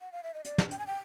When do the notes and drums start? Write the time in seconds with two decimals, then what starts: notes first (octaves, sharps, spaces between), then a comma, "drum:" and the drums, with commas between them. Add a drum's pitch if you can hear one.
0.01 F#5
0.12 F5
0.23 E5
0.34 D#5
0.45 D5, drum: hi-hat
0.58 drum: snare
0.71 G5, drum: hi-hat
0.79 G#5
0.87 G5